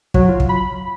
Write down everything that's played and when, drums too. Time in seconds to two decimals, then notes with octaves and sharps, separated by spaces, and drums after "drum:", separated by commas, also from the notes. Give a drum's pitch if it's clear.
0.14 F#3, drum: kick
0.28 F4
0.40 drum: kick
0.49 B5